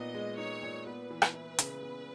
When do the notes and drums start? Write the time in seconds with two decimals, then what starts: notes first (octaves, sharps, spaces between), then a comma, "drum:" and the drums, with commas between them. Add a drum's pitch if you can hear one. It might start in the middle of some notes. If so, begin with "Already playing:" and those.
Already playing: A#2 B3 D#4 D#5
0.14 G#3
0.38 D#4 C#5
0.63 A#2
0.86 B3 B4
1.10 E3
1.22 drum: rim click
1.34 E4
1.59 C#3, drum: hi-hat
1.83 B3